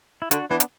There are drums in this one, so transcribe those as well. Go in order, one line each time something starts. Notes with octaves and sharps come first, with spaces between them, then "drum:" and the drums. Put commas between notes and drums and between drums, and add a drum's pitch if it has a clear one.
E4
D3 D4 F#4, drum: hi-hat
E3 B3 D4
drum: hi-hat